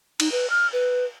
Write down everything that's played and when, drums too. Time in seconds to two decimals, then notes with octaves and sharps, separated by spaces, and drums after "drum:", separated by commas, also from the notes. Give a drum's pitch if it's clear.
0.20 D#4, drum: cymbal
0.32 B4
0.50 F6
0.73 B4